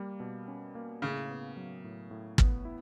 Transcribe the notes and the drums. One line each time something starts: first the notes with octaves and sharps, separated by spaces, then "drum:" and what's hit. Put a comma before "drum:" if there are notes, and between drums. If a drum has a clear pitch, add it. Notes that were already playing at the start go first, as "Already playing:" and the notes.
Already playing: G3 A#3
B2
C#4
A#3
A2 C#3
B3
F#3
A2
A2
B3, drum: kick
E4